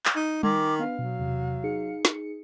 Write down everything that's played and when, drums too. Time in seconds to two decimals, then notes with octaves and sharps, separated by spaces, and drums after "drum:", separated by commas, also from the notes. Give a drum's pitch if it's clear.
0.06 drum: clap
0.16 D#4
0.43 D#3 G#5 D6 A#6 B6, drum: tom G3
0.79 B3 D4 B4 F5
0.98 B2 F#3
1.19 E2 C3
1.64 D#4 G#4 C#7
2.05 drum: snare